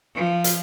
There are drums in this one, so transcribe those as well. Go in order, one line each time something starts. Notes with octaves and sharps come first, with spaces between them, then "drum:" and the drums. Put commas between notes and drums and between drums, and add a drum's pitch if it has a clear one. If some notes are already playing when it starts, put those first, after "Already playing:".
F3
drum: hi-hat